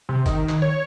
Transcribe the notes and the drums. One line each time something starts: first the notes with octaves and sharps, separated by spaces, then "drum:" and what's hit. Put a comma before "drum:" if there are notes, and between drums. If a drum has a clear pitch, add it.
C3
D#3, drum: kick G1, hi-hat
drum: clap
C#5